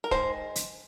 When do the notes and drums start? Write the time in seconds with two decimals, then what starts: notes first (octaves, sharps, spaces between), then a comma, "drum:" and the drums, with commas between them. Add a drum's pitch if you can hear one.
0.04 A#4
0.11 D#3 G#3 C5, drum: kick
0.56 drum: hi-hat